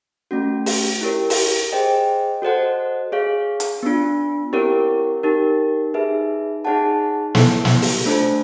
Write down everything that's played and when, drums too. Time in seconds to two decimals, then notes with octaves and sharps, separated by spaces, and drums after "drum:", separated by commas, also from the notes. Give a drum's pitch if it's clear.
0.31 A3 C#4 F#4
0.66 drum: open hi-hat
1.01 E4 G4 A#4 C#5
1.30 drum: open hi-hat
1.72 G#4 C5 D#5 G5
2.42 F#4 A4 C5 D#5 F#5
3.12 G#4 C#5 F5
3.60 drum: hi-hat
3.83 B3 D4 F4
4.53 C4 E4 G4 A#4 C#5
5.23 D#4 G4 A#4
5.94 D#4 G#4 B4 E5
6.65 D#4 G#4 C#5 F#5 A5
7.35 B3 E4 A4 C#5, drum: snare
7.65 drum: snare
7.82 drum: open hi-hat
8.05 A3 D4 F4 A4 C5